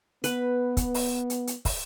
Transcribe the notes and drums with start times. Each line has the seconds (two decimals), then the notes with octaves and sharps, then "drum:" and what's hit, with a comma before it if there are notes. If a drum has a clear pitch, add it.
0.24 B3 B4, drum: hi-hat
0.77 drum: kick, hi-hat
0.94 drum: open hi-hat
1.30 drum: hi-hat
1.47 drum: hi-hat
1.65 drum: kick, open hi-hat